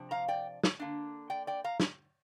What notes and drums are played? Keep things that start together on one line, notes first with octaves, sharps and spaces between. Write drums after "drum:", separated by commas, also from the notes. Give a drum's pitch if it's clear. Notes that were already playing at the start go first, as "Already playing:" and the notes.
Already playing: C3 F3 D4
F5 A#5
D5 G5
drum: snare
D3 A#3 D4
D5 G5
D5 G5
F5 A#5
drum: snare